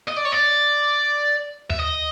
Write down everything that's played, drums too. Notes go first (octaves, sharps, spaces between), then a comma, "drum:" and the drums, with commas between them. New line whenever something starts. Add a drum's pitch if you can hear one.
D#5
D5
C#5
D5
E5, drum: tom D#2
D#5